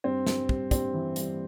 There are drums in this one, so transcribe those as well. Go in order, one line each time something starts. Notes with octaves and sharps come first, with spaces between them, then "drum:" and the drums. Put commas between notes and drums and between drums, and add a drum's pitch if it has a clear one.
G2 C4
G2, drum: snare
G3, drum: kick
G2 C4, drum: kick, hi-hat
E3
G3, drum: hi-hat